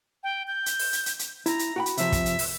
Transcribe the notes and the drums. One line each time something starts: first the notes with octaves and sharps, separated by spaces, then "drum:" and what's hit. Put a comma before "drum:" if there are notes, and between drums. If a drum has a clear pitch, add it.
G5
G6
drum: hi-hat
drum: open hi-hat
drum: hi-hat
drum: hi-hat
drum: hi-hat
E4 A#5, drum: hi-hat
drum: hi-hat
F#4 G5 B5
drum: hi-hat
C3 F3 E5, drum: hi-hat
drum: kick, hi-hat
drum: hi-hat
drum: open hi-hat